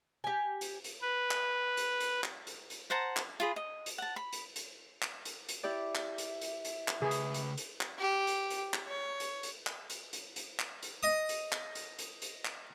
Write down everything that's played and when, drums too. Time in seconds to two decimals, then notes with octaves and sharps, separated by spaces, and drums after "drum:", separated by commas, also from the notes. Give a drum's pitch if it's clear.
0.24 G4 G#5
0.61 drum: hi-hat
0.84 drum: hi-hat
1.02 B4
1.31 drum: clap
1.77 drum: hi-hat
2.00 drum: hi-hat
2.24 drum: clap
2.47 drum: hi-hat
2.70 drum: hi-hat
2.90 C5 F#5 A5 A#5
3.17 drum: clap
3.40 F4 G#4 B5
3.56 D#5
3.86 drum: hi-hat
3.98 F#5 A5
4.16 B5
4.33 drum: hi-hat
4.56 drum: hi-hat
5.02 drum: clap
5.25 drum: hi-hat
5.49 drum: hi-hat
5.63 E4 G4 D5 E5
5.95 drum: clap
6.18 drum: hi-hat
6.41 drum: hi-hat
6.65 drum: hi-hat
6.88 drum: clap
7.02 C#3 G#4 B4
7.11 drum: hi-hat
7.34 drum: hi-hat
7.58 drum: hi-hat
7.81 drum: clap
7.98 G4
8.27 drum: hi-hat
8.50 drum: hi-hat
8.74 drum: clap
8.87 C#5
9.20 drum: hi-hat
9.43 drum: hi-hat
9.66 drum: clap
9.90 drum: hi-hat
10.13 drum: hi-hat
10.36 drum: hi-hat
10.59 drum: clap
10.83 drum: hi-hat
11.03 D#5 D#6
11.29 drum: hi-hat
11.52 drum: clap
11.75 drum: hi-hat
11.99 drum: hi-hat
12.22 drum: hi-hat
12.45 drum: clap